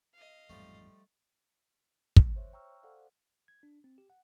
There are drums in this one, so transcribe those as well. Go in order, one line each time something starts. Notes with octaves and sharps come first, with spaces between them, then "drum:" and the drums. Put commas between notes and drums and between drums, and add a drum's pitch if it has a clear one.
D#5 F5
A1 F2 G#2 F3 G3 A3
drum: kick
C5 C#5 E5
G5 A#5 C#6 E6 F6
A4 C5 D5 F5 F#5
G#6
D4
C4
G4
F#5